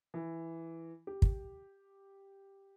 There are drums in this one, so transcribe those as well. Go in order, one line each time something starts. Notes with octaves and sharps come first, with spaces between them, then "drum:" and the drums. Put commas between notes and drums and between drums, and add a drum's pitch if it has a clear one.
E3
G4
drum: kick